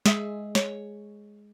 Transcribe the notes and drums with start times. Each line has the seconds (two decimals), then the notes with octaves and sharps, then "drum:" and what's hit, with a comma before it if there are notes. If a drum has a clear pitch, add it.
0.06 G#3 G#4 E5, drum: snare
0.55 C#5, drum: snare